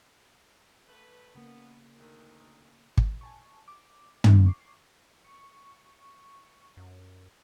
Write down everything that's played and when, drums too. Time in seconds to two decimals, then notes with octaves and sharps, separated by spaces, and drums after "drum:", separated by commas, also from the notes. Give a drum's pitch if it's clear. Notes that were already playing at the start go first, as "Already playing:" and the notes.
0.88 A3 B4
1.35 C#3 A#3 B3
2.00 D2 D#3
2.97 drum: kick
3.21 G#5 A5 C#6
3.68 D6
4.24 drum: tom
4.46 C#6 D6 C7
5.24 C#6
6.77 F#2